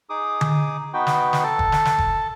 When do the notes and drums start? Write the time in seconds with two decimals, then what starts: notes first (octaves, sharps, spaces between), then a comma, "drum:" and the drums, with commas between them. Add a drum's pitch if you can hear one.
0.10 D#4 G#4 D6 D#6
0.41 drum: tom D3
0.93 B3 D#4 F#4 B4 G5
1.07 drum: snare
1.33 drum: snare
1.43 A4 A5
1.59 drum: kick F#1
1.72 drum: snare
1.85 drum: snare
1.98 drum: kick F#1